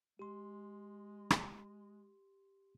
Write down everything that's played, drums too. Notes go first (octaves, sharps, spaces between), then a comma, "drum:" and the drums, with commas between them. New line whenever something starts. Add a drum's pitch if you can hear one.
G#3 G4 C6
drum: rim click